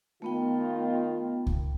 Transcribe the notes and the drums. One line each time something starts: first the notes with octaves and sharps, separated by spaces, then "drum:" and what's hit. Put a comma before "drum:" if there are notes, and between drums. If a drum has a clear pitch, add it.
D#3 A3 B3 F4 G5
drum: kick C#2